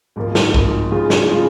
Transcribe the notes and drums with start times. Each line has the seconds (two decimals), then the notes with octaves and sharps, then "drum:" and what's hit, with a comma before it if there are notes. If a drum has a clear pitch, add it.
0.16 G#1 G#2 F3 A#3
0.35 drum: snare
0.54 G#1 G#2 F3 A#3, drum: kick
0.92 C#3 F3 G#3 F4
1.10 drum: snare
1.29 C#3 F3 G#3 F4